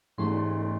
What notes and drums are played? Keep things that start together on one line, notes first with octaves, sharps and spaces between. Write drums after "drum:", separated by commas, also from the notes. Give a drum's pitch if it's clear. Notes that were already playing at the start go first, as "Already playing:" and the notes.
G#2 E3 A3 C#4 C6, drum: cymbal